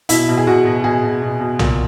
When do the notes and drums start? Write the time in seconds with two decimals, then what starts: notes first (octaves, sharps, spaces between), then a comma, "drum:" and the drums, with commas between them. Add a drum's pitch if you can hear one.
0.09 B2 E4, drum: hi-hat
0.29 B2
0.37 G#4
0.47 B2 F#4
0.65 B2
0.84 B2 G#4
1.03 B2
1.22 B2
1.40 B2
1.59 A#2, drum: tom B1